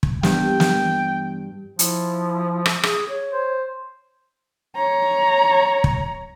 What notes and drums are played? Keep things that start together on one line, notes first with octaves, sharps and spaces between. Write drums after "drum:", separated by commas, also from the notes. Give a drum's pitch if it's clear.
drum: kick
G2 E3 B3 G5, drum: snare
drum: snare
F3 E4, drum: hi-hat
drum: rim click
G#4, drum: rim click
C#5
C5
C#5 A#5
drum: kick